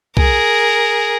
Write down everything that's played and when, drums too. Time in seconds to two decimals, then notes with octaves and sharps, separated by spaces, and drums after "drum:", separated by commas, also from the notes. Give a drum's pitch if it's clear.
0.17 G#4 A#4, drum: kick